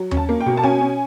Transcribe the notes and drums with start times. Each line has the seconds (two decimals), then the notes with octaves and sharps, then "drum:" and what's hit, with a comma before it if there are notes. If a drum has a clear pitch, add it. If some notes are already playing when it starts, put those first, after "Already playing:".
Already playing: F#3
0.11 C#4, drum: tom D#2
0.17 A5
0.29 A#3
0.41 G5
0.46 B2
0.57 A5
0.64 C#4 G#5
0.81 C#4